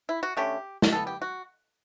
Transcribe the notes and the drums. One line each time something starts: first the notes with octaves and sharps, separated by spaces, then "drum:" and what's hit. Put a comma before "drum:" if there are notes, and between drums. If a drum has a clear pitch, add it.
E4
F#4
D3 A3 C#4 G4
drum: snare
E3 B3 A4
G4
F#4